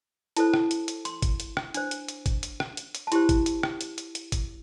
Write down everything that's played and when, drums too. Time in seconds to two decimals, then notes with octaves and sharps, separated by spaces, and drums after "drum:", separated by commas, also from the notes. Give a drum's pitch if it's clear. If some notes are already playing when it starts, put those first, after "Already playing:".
0.37 E4 A4 C5 A5, drum: hi-hat
0.54 drum: rim click
0.71 drum: hi-hat
0.88 drum: hi-hat
1.05 C6, drum: hi-hat
1.22 drum: kick, hi-hat
1.40 drum: hi-hat
1.57 drum: rim click
1.74 D4 C5, drum: hi-hat
1.91 drum: hi-hat
2.08 drum: hi-hat
2.26 drum: kick, hi-hat
2.43 drum: hi-hat
2.60 drum: rim click
2.77 drum: hi-hat
2.95 drum: hi-hat
3.07 A5
3.12 E4 G4 C5 C6, drum: hi-hat
3.29 drum: kick, hi-hat
3.46 drum: hi-hat
3.63 drum: rim click
3.81 drum: hi-hat
3.98 drum: hi-hat
4.15 drum: hi-hat
4.32 drum: kick, hi-hat